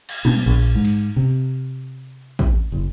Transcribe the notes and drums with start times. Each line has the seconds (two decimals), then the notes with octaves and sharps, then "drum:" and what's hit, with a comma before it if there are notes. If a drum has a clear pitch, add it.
0.09 drum: cymbal
0.25 B2, drum: tom
0.46 A#1
0.75 G#2
0.85 drum: cymbal
1.16 C3
2.39 drum: kick
2.72 F#1